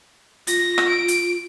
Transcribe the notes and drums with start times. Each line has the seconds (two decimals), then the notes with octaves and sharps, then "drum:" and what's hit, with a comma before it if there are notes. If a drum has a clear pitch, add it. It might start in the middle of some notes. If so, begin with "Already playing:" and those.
0.47 F4 A#6, drum: hi-hat
0.78 drum: rim click
0.88 D7
1.08 drum: hi-hat